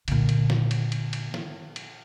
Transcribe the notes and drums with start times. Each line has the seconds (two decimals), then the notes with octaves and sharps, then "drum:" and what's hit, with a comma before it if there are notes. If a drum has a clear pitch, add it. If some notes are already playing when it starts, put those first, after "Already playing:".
0.08 A#2 D3, drum: cymbal
0.29 drum: cymbal
0.50 drum: snare
0.71 drum: cymbal
0.92 drum: cymbal
1.13 drum: cymbal
1.34 drum: snare
1.76 drum: cymbal